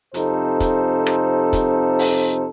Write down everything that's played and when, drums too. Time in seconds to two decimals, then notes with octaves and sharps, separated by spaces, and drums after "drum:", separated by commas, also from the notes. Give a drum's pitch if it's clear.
0.14 F2 C3 D#4 A4 C5, drum: hi-hat
0.60 drum: kick, hi-hat
1.07 drum: rim click
1.53 drum: kick, hi-hat
1.99 drum: open hi-hat